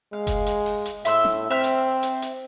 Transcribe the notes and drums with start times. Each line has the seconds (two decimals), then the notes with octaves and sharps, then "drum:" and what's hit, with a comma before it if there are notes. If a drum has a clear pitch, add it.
0.13 G#3 F5
0.27 drum: kick F#1, hi-hat
0.46 drum: hi-hat
0.66 drum: open hi-hat
0.85 drum: hi-hat
1.05 A2 E5 C6 E6, drum: hi-hat
1.25 drum: snare
1.51 C4 E5 F6
1.64 drum: hi-hat
2.03 drum: hi-hat
2.22 drum: hi-hat